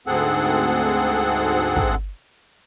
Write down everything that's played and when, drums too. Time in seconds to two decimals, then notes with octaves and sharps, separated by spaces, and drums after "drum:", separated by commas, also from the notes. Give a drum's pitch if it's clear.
0.07 D2 G#2 C4 G#4 A4 F#5
1.76 drum: kick